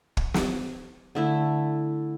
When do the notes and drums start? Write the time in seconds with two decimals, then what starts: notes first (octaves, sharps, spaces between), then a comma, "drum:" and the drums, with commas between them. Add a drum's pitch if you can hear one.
0.17 drum: kick
0.34 drum: snare
1.15 D3 A3 E4